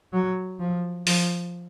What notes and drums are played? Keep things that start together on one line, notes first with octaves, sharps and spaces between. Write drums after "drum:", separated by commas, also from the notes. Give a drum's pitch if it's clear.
F#3
F3
F3, drum: open hi-hat